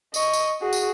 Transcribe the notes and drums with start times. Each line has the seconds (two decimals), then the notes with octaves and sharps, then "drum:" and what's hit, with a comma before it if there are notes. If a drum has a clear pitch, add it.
0.14 D#5 C#6, drum: tambourine
0.33 drum: tambourine
0.61 F#4 G#4
0.73 drum: tambourine